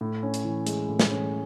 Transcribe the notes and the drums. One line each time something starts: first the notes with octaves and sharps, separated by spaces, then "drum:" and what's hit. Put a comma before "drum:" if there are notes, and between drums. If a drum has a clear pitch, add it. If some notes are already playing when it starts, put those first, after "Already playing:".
A2
C#4
drum: hi-hat
E3
G#3, drum: hi-hat
A2
drum: snare
C#4